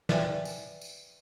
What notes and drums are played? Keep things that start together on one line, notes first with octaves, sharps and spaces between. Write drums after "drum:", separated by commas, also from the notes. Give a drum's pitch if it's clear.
B4 D5 E5 G5 G#5, drum: snare
drum: tambourine
drum: tambourine